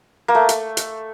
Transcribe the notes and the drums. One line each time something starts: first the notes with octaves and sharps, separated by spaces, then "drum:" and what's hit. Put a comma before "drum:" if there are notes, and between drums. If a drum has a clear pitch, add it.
A#3
A3
drum: hi-hat
drum: hi-hat